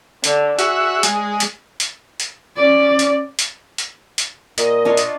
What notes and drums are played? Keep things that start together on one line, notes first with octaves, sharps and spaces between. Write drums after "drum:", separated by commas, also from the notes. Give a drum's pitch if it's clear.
D3, drum: hi-hat
F#4 G#4 E5, drum: hi-hat
G#3, drum: hi-hat
drum: hi-hat
drum: hi-hat
drum: hi-hat
C#4 D5
drum: hi-hat
drum: hi-hat
drum: hi-hat
drum: hi-hat
A#2 D#5, drum: hi-hat
D4 F4 C#5
drum: hi-hat